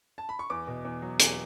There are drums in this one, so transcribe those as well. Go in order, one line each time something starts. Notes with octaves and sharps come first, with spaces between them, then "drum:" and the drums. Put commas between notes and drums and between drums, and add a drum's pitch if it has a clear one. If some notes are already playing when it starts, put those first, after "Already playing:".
A5
B5
C#6
E2 D6
B2
E2
F#3
E2, drum: hi-hat